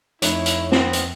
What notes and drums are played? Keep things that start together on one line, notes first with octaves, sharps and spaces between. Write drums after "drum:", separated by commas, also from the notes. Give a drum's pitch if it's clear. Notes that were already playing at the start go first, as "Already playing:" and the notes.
F2 A3 D#4 E4 C#5, drum: hi-hat
drum: hi-hat
B3 C4, drum: snare
drum: hi-hat